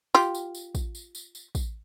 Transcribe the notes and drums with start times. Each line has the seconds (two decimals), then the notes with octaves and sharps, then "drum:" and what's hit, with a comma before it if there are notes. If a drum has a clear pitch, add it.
0.15 F4 G4, drum: tambourine
0.35 drum: tambourine
0.55 drum: tambourine
0.75 drum: kick, tambourine
0.95 drum: tambourine
1.15 drum: tambourine
1.35 drum: tambourine
1.55 drum: kick, tambourine